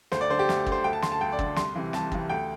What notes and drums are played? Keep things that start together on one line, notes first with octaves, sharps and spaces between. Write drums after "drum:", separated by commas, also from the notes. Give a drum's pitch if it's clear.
D2 C5, drum: snare
D5
D3 C5
G4
D2, drum: snare
D3, drum: kick
C5
D2 G5
A5
D3 C6, drum: snare
A5
D2 G5
D5
D3, drum: kick
C2 C6, drum: snare
C3 E3
C2 A5, drum: snare
C3 E3, drum: kick
D2 G5